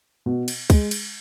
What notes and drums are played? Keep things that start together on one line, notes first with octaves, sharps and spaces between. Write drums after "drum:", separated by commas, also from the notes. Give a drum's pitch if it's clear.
B2
drum: cymbal
G#3, drum: kick, cymbal
drum: cymbal